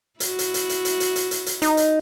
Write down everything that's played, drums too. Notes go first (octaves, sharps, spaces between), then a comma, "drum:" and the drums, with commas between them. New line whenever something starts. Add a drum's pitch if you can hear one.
E4 F#4, drum: hi-hat
drum: hi-hat
drum: hi-hat
drum: hi-hat
drum: hi-hat
drum: hi-hat
drum: hi-hat
drum: hi-hat
drum: hi-hat
D#4, drum: hi-hat
drum: hi-hat